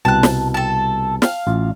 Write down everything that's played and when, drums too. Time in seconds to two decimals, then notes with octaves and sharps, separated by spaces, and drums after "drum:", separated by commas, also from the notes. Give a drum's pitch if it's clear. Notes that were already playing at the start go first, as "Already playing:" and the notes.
0.05 C2 B2 A5 F#6
0.23 drum: snare
0.54 A4 A5
1.22 F5, drum: snare
1.47 A1 F4